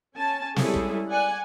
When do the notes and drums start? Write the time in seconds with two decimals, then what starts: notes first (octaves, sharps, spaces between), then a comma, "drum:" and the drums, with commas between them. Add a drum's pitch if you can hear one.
0.16 C#4 G#5 A5
0.56 G3 G#3 C#4 E4 G#4 A4, drum: snare
0.74 drum: kick
1.09 D5 F#5 G#5